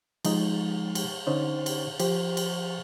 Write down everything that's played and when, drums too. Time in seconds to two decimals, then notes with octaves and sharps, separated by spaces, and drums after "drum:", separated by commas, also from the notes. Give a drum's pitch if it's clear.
0.25 F3 G#3 D#4, drum: cymbal
0.95 drum: cymbal
1.27 D3 C#4 D#4 C5 C#5
1.66 drum: cymbal
1.99 F3 G4 C5, drum: cymbal
2.37 drum: cymbal